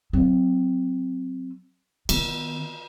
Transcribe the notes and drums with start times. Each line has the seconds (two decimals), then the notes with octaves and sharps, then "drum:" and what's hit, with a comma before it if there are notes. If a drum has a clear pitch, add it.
0.13 F#3 C4
2.09 D#3 B3, drum: cymbal